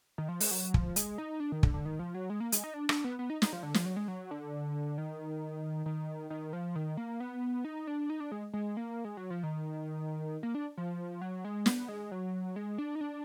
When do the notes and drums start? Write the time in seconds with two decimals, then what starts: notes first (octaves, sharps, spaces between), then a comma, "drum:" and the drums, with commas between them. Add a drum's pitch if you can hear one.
0.18 D#3
0.29 F3
0.40 G#3, drum: open hi-hat
0.51 F#3
0.74 F3, drum: kick
0.96 G#3, drum: hi-hat
1.18 D#4
1.40 D4
1.52 D#3
1.63 D3, drum: kick
1.74 D3
1.86 D#3
1.99 F3
2.15 F#3
2.30 G#3
2.40 A#3
2.52 G#3, drum: hi-hat
2.64 D#4
2.74 D4
2.89 D4, drum: rim click
3.04 B3
3.19 B3
3.30 D#4
3.42 D#4, drum: snare
3.53 F3
3.63 D3
3.74 F3, drum: snare
3.85 F#3
3.96 G#3
4.08 F#3
4.31 D3
4.98 D#3
5.86 D#3
6.30 D#3
6.53 F3
6.76 D#3
6.97 A#3
7.20 B3
7.64 D#4
7.87 D4
8.10 D#4
8.20 D4
8.32 G#3
8.54 G#3
8.77 A#3
9.05 G#3
9.17 F#3
9.30 F3
9.43 D#3
10.43 A#3
10.55 D4
10.78 F3
11.21 F#3
11.45 G#3
11.66 B3, drum: snare
11.88 G#3
12.11 F#3
12.56 G#3
12.78 D4
12.95 D#4
13.01 D4